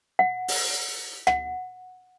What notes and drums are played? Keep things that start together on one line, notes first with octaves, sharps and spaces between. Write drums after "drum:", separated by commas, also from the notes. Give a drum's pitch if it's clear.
F#5
drum: open hi-hat
F#5, drum: rim click